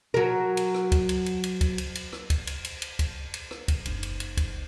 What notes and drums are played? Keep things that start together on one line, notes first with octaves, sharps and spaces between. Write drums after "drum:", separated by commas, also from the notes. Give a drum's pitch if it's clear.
F#3 A#4
drum: cymbal
drum: rim click
drum: kick, cymbal
drum: cymbal
drum: cymbal
drum: cymbal
drum: kick, cymbal
drum: cymbal
drum: cymbal
drum: rim click
drum: kick, cymbal
drum: cymbal
drum: cymbal
drum: cymbal
drum: kick, cymbal
drum: cymbal
drum: rim click
drum: kick, cymbal
F#1 D#4, drum: cymbal
drum: cymbal
drum: cymbal
drum: kick, cymbal